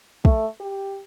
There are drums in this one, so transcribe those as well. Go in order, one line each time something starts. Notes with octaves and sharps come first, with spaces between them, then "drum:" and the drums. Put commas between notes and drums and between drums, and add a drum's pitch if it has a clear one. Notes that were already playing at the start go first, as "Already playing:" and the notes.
A3, drum: kick
G4